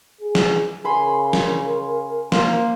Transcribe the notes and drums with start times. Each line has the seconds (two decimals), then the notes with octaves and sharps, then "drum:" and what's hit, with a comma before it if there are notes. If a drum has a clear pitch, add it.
0.21 G#4
0.35 drum: snare
0.84 C#3 G#4 A#4 B5 C6
1.33 drum: snare
2.32 F3 A#3 C5, drum: snare